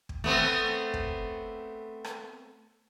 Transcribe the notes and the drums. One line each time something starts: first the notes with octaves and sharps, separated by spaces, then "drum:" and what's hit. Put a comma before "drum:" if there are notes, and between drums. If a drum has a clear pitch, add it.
drum: kick
A3 B3 C4
drum: kick
drum: rim click